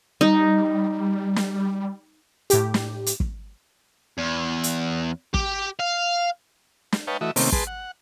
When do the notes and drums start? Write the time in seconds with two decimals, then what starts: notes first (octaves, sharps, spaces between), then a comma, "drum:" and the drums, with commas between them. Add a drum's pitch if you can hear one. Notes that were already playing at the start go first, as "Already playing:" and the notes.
0.21 G3 D#4
1.36 drum: snare
2.50 A2 G4, drum: hi-hat
2.74 drum: snare
3.06 drum: hi-hat
3.20 drum: kick
4.18 E2
4.64 drum: hi-hat
5.34 G4, drum: kick
5.80 F5
6.92 drum: snare
7.07 B4 C#5 D#5 F5 G5 A5
7.21 E3 A3 F#4 D#5 E5
7.36 C3 D#3 A3 A#3 C4 C#4, drum: open hi-hat
7.52 G#4 B4 A5 C6, drum: kick
7.67 F#5